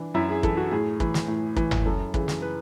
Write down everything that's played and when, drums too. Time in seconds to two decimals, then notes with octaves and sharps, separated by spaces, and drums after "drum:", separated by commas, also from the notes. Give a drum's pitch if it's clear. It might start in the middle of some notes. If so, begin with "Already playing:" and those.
Already playing: E3 D4
0.14 F#2 E4
0.29 G#4
0.43 E3 A4, drum: kick
0.57 F#4
0.71 A2 G#4
1.00 E3, drum: kick
1.14 drum: snare
1.28 A2
1.56 E3, drum: kick
1.71 drum: tom G1
1.86 F#2 A4
2.14 C#3 E3, drum: kick
2.28 drum: snare
2.42 B4